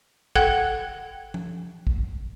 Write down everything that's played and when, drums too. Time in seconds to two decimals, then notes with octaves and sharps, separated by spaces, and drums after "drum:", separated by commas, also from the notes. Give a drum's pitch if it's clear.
0.35 A4 F#5 G5 F#6 G#6, drum: kick
1.34 drum: tom F3
1.87 drum: kick